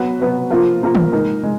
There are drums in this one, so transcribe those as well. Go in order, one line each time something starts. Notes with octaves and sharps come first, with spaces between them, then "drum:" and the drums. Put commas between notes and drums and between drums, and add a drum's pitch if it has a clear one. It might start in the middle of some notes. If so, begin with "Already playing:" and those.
Already playing: F#3 B3 F#4 B4
F#3 B3 F#4 B4
F3 A#3 F4 A#4
F3 A#3 F4 A#4
drum: tom D#3
G#3 D#4 A#4
G#3